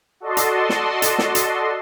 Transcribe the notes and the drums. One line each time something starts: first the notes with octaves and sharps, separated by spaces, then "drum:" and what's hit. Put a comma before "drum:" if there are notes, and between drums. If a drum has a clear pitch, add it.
F#4 A4 D5 D#5 A5 C6
drum: hi-hat
drum: snare
drum: hi-hat
drum: snare
drum: hi-hat